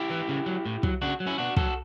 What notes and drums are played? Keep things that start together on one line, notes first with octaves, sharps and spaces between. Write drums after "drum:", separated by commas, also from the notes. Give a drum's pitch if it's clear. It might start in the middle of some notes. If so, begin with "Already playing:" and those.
Already playing: E4 G4
E3
C#3
F#3
A2
F#3, drum: kick
C#3 D4 F#4
F#3
C#4 E4
B2 D4 F#4
F#3 F#4 A4, drum: kick